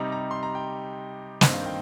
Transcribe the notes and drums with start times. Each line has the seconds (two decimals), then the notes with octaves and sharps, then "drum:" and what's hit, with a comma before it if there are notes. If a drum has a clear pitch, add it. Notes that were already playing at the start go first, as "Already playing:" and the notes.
Already playing: C3 G3 D#4 A#5
0.12 A#5
0.31 C6
0.43 A#5
0.55 G5
1.41 G2 D#3 C4 D#4 D#5, drum: snare
1.54 F5
1.66 G5